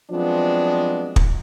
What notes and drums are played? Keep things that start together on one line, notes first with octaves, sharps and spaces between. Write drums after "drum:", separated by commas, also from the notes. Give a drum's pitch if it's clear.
F3 F#3 G#3 B3 C4 D4
drum: kick